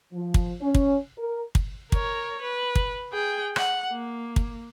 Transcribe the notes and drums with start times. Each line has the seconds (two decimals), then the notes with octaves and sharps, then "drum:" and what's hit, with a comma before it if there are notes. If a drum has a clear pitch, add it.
0.14 F3
0.34 drum: kick
0.62 C#4
0.75 drum: kick
1.18 A#4
1.55 drum: kick
1.92 A#4 C#5, drum: kick
2.42 B4
2.75 drum: kick
3.12 G#4 G5
3.56 F#5, drum: rim click
3.92 A#3
4.36 drum: kick